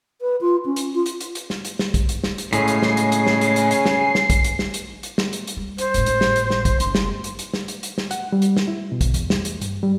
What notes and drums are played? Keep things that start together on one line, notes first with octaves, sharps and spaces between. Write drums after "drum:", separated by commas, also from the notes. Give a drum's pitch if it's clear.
B4
F4
C#4
drum: hi-hat
F4
drum: hi-hat
drum: hi-hat
drum: hi-hat
drum: snare
drum: hi-hat
drum: snare
drum: kick, hi-hat
drum: hi-hat
drum: snare
drum: hi-hat
A2 C#3 G#3 G#5 C7, drum: hi-hat
drum: hi-hat
drum: snare
drum: hi-hat
drum: hi-hat
drum: snare
drum: hi-hat
drum: hi-hat
drum: hi-hat
drum: snare
drum: snare
drum: kick, hi-hat
drum: hi-hat
drum: snare
drum: hi-hat
drum: hi-hat
drum: snare
drum: hi-hat
drum: hi-hat
G3
C5, drum: hi-hat
G#1 A2, drum: hi-hat
drum: hi-hat
drum: snare
drum: hi-hat
drum: snare
drum: kick, hi-hat
F#1 C6, drum: hi-hat
drum: snare
drum: hi-hat
drum: hi-hat
drum: snare
drum: hi-hat
drum: hi-hat
drum: snare
F#5, drum: hi-hat
G3
drum: hi-hat
drum: snare
E4
B2
drum: kick, hi-hat
E2, drum: hi-hat
drum: snare
drum: hi-hat
G2, drum: hi-hat
G3